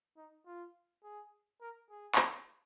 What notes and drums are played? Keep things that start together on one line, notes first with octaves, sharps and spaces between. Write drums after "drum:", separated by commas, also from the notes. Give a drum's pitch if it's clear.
D#4
F4
G#4
A#4
G#4
drum: clap